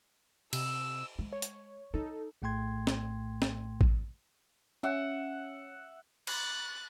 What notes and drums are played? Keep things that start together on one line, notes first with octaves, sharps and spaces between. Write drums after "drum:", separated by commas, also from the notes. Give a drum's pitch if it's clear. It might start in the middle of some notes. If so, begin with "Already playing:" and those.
C3 E6, drum: cymbal
G#3
C#5
drum: hi-hat
D#4 E4 A4
A#1 A2 A3 G5 C6 G#6
drum: snare
drum: snare
drum: kick A1
C#4 E5 F#5
F#6 A6, drum: cymbal